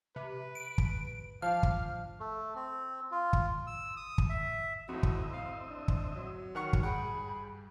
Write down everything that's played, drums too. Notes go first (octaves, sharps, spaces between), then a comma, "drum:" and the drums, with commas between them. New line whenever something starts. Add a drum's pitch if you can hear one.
C3 B4
D7
drum: kick
F3 D4 F5 F6
drum: kick
A3
C4
F4
drum: kick
E6
D#6
drum: kick
E5
F2 A2 C4 F#4 D#5 E5
drum: kick
F5
D4
drum: kick
F#3
D#3 F#4 C#5 F#5 C#6 F6
drum: kick
G2 G#4 F#5 G5 B5